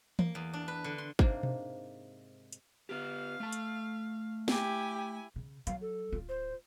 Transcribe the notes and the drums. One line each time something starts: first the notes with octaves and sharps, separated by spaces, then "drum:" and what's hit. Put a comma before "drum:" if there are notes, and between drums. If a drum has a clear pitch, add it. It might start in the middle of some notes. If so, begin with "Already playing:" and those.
A#3, drum: tom E3
E2
D4
B4
D3
C6
G#2 C3 A#3 D4, drum: kick
drum: tom B2
drum: hi-hat
B3 G4 F5
A3 A5
drum: hi-hat
E4 G4 G#5, drum: snare
C#3
F#3 F5, drum: hi-hat
A4
D1 F4
C5